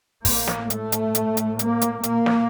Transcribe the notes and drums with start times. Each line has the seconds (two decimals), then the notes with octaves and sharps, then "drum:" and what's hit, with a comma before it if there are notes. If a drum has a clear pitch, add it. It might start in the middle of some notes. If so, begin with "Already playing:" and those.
0.25 A2 A#3, drum: kick, open hi-hat
0.48 drum: snare
0.70 A3, drum: hi-hat
0.92 drum: hi-hat
1.15 A2, drum: hi-hat
1.37 drum: hi-hat
1.59 A#3, drum: hi-hat
1.82 drum: hi-hat
2.03 A#2 A#3, drum: hi-hat
2.26 drum: snare